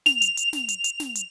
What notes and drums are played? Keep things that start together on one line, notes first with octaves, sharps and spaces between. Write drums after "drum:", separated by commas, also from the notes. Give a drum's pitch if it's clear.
F7, drum: snare
drum: hi-hat
drum: hi-hat
drum: snare
drum: hi-hat
drum: hi-hat
drum: snare
drum: hi-hat